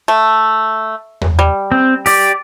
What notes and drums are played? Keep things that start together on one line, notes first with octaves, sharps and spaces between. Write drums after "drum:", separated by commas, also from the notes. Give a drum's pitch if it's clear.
A3
drum: tom E2
G3
C4
G4 D5, drum: open hi-hat